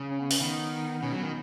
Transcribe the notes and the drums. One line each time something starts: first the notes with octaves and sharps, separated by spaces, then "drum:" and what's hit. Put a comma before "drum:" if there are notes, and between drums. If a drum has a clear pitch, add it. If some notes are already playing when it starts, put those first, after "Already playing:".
Already playing: C#3
C#4
B3
C#4, drum: open hi-hat
D#3 B3
B2 C#4
F#3
D#3 B3